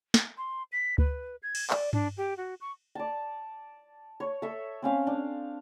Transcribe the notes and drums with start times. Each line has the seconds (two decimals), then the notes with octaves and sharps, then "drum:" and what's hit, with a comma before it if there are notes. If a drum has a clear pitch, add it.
0.14 drum: snare
0.37 C6
0.72 B6
0.98 B4, drum: kick D2
1.43 G#6
1.55 drum: cymbal
1.70 D5, drum: clap
1.93 D4, drum: tom G2
2.17 G4
2.37 F#4
2.61 C#6
2.95 D5 A5
4.20 C#5
4.42 A4 E5
4.82 C4 C#4 F5
5.07 D4